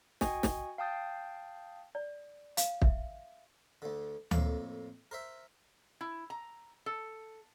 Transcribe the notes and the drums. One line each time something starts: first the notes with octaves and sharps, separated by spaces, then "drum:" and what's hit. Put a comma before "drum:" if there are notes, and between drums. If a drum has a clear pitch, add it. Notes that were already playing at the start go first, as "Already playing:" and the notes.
F#4 D#5 G5 G#5 C#6 D#6, drum: snare
drum: snare
F5 G5 A5 D#6 G6 A6
D5
F5, drum: hi-hat
E5, drum: kick
D2 D3
F2 A2 A#3, drum: tom D2
A#4 C5 E5
E4
A#5
A4